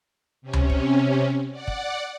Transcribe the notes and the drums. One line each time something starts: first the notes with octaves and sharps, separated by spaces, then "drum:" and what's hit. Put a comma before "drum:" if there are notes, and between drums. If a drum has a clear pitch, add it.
C3 C#4
drum: tom C#2
drum: kick
D5 F#5
drum: kick